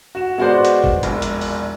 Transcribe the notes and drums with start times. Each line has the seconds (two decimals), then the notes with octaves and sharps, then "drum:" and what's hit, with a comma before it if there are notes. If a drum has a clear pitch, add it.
0.15 F#4 E7
0.38 G#3 B3 F#4 A#4 C5 D5
0.65 drum: hi-hat
0.84 drum: kick G1
1.03 E1 A#1, drum: hi-hat
1.22 drum: hi-hat
1.41 drum: open hi-hat